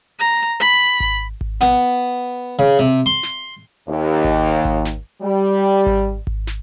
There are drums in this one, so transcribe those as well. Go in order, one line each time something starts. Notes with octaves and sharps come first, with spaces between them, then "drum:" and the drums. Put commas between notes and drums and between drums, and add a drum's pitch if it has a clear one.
A#5
B5
drum: kick G#1
drum: kick G#1
B3, drum: snare
C#3
C3
C6
drum: snare
D#2
drum: kick G#1
drum: kick G#1
drum: snare
G3
drum: kick G#1
drum: kick G#1
drum: snare